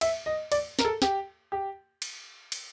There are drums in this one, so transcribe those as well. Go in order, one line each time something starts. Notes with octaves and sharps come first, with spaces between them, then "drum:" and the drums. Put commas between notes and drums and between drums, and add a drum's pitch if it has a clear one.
E5, drum: cymbal
D#5
D5, drum: cymbal
A#4, drum: snare
A4
G4, drum: snare
G4
drum: cymbal
drum: cymbal